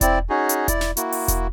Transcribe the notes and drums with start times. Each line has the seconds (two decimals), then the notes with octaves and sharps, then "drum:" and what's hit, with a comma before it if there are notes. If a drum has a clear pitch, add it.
0.01 C4 E4 D5, drum: kick E1, hi-hat
0.30 C#4 D#4 F#4 G#4
0.49 drum: hi-hat
0.68 E4 D5, drum: kick E1, hi-hat
0.81 drum: snare
0.97 A#3 E4 F#4, drum: hi-hat
1.12 drum: open hi-hat
1.28 drum: kick E1, hi-hat